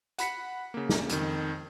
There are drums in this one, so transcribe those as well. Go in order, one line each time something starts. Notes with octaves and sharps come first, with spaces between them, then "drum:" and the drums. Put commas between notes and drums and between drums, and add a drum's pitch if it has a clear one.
F#5 B5 B6 C#7, drum: hi-hat
C#3 A#3
drum: snare
F2 D#3, drum: hi-hat